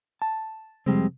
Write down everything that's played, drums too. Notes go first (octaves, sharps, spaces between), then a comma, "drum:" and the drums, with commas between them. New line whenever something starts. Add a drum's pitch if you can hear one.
A5
F2 G3 G#3 C4, drum: tom C3